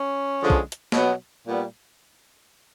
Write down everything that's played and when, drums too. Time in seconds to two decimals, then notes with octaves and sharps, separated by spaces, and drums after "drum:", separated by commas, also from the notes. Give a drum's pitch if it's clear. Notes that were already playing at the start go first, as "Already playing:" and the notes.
Already playing: C#4
0.41 D3 F3 G#3
0.50 drum: kick
0.72 drum: hi-hat
0.92 B2 F#3 B3, drum: snare
1.45 A#2 G3 B3